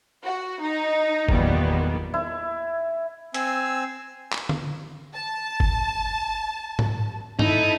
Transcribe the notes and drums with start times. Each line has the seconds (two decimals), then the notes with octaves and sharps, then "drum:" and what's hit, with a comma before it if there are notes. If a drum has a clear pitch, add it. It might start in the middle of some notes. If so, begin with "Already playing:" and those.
0.24 F#4
0.61 D#4
1.29 E2 A#2 D#3 F#3 G3 B3, drum: kick G1
2.14 E4
3.34 C4 G#5 E6, drum: hi-hat
4.32 drum: clap
4.49 drum: tom D3
5.14 A5
5.60 drum: kick G1
6.79 drum: tom G#2
7.39 D#4 E4 A4, drum: tom G2